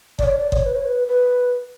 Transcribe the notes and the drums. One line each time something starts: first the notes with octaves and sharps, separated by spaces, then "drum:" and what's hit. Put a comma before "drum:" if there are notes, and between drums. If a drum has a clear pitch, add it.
D5, drum: kick G1
C#5
D5
C#5, drum: kick G1
B4
C#5
B4
B4